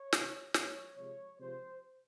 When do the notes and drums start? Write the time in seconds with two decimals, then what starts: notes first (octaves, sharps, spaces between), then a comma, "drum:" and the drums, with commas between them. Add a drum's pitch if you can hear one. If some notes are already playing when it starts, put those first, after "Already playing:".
Already playing: C#5
0.13 C3 D#3 G#3, drum: snare
0.54 A#2 F3 G#3 C#5, drum: snare
0.97 C3 F3 G#3 C#5
1.39 C3 F3 G#3 C5